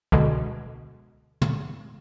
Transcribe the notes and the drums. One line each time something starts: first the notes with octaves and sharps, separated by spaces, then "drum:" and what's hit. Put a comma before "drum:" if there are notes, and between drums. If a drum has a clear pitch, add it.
B2 D3 G#3, drum: kick
drum: tom